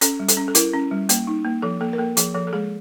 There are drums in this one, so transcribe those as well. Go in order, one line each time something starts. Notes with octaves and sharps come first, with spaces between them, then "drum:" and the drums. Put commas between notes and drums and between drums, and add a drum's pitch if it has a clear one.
C#4 A4, drum: hi-hat
G3
A4, drum: hi-hat
C#4
A4
E4 A#4, drum: hi-hat
C#4
G3
A#3, drum: hi-hat
D#4
A#3
F3 A4
A#3 A4
A#4
A#3 A4
F3 G#4, drum: hi-hat
F3 A4
A4
G#3 G#4